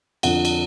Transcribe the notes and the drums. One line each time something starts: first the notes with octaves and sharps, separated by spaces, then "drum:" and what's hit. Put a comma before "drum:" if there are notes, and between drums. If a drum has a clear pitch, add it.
F2 D3 F3 F#5, drum: cymbal
drum: cymbal